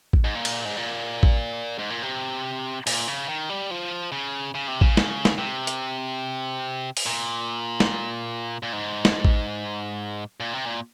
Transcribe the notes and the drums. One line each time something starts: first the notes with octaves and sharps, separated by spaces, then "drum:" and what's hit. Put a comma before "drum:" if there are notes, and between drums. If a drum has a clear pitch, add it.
drum: kick A1
G#2
A#2
drum: cymbal
G#2
A#2
drum: kick A1
G#2
A#2
C3
A#2, drum: open hi-hat
C#3
D#3
G3
F3
C#3
C#3
C3
C#3, drum: kick A1
drum: snare
drum: snare
C3
drum: hi-hat
drum: open hi-hat
A#2
drum: snare
A#2
G#2
drum: snare
drum: kick A1
A#2
C3
A#2